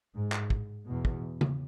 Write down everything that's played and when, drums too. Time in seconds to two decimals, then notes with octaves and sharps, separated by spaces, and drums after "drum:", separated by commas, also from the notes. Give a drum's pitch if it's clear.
0.14 G#2
0.32 drum: clap
0.50 drum: kick
0.86 E2 B2
1.05 drum: kick
1.41 drum: tom C#3